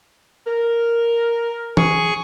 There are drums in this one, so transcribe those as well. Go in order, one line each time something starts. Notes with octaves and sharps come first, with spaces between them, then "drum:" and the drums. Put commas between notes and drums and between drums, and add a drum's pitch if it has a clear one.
A#4
G#4 C#6, drum: tom E3